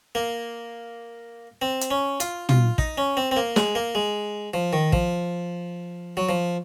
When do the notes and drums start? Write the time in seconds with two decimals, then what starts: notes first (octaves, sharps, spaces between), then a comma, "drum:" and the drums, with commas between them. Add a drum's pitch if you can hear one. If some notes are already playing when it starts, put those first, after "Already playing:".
0.15 A#3
1.62 C4
1.81 drum: hi-hat
1.91 C#4
2.20 F4, drum: hi-hat
2.49 F4, drum: tom
2.78 D#4, drum: kick
2.98 C#4
3.17 C4
3.31 C4
3.36 A#3
3.56 G#3, drum: snare
3.75 A#3
3.95 G#3
4.54 F3
4.73 D#3
4.93 F3, drum: kick
6.17 F#3
6.29 F3